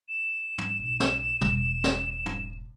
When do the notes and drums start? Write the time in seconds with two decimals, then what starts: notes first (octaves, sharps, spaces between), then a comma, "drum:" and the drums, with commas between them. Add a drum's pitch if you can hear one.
0.09 E7
0.58 drum: tom
0.79 B1
1.00 drum: snare
1.41 E1 B2, drum: tom
1.84 drum: snare
2.26 drum: tom